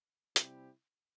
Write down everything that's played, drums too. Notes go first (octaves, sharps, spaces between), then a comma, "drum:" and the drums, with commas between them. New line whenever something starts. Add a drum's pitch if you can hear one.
C3 G3 C4 E4 G4, drum: hi-hat